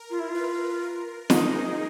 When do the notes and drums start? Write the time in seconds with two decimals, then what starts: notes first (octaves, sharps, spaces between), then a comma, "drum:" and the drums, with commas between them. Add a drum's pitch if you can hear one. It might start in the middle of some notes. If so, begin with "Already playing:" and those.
Already playing: A#4
0.10 F4
0.20 E4
0.29 F4
0.35 B4
0.83 A#4
1.30 D#4 G#4, drum: snare